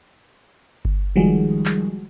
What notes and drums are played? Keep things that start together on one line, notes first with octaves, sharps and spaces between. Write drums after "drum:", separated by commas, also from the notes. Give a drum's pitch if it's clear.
drum: kick G1
D#3 F3 G3 G#3 F#4 G#4
drum: clap